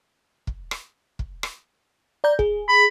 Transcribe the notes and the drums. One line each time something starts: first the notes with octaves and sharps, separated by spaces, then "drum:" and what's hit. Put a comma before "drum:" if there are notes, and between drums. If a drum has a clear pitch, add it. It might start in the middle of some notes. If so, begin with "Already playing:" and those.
drum: kick
drum: rim click
drum: kick
drum: rim click
D5 A#5 G6
G#4, drum: kick
B5